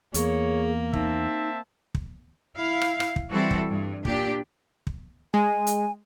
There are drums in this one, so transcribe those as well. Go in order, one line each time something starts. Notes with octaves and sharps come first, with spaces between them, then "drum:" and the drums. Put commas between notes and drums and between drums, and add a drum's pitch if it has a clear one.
E2 A#3 G#4 C#5, drum: hi-hat
C4 D#4 E5 A5, drum: kick
drum: kick
E4 F5
drum: rim click
drum: rim click
drum: kick
E3 G3 C4 E4 F#4 A4
drum: kick
G2
A#2 D4 G4, drum: kick
drum: kick
G#3 G#5
drum: hi-hat